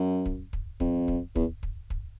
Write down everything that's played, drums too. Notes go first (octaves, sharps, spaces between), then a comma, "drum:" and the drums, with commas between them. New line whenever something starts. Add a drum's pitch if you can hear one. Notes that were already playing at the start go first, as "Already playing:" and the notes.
Already playing: F#2
drum: kick
drum: kick
F2, drum: kick
drum: kick
E2, drum: kick
drum: kick
drum: kick